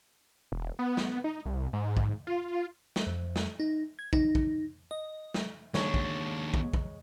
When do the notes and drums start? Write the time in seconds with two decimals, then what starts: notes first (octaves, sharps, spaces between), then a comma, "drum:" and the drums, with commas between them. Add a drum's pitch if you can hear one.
0.52 E1
0.79 B3
0.97 drum: snare
1.24 D#4
1.45 C2
1.73 G#2
1.97 drum: kick
2.27 F4
2.96 drum: snare
3.07 F2
3.36 drum: snare
3.60 D#4
3.99 G#6
4.13 D#4, drum: kick
4.35 drum: kick
4.91 D#5
5.34 drum: snare
5.74 D#2 G#3 D4 C#5, drum: snare
5.94 drum: kick
6.54 drum: kick
6.74 drum: kick